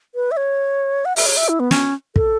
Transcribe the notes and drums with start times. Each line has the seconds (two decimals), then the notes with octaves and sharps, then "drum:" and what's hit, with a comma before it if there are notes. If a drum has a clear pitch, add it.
0.15 B4
0.31 E5
0.37 C#5
1.05 F#5
1.16 E5, drum: open hi-hat
1.26 C#5
1.37 E5
1.49 E4
1.60 B3
1.71 C#4, drum: snare
2.16 A4, drum: kick